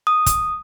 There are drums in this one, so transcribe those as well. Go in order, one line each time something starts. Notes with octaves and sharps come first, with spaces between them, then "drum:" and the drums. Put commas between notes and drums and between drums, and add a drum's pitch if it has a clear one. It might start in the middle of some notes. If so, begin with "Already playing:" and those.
D#6
drum: kick, hi-hat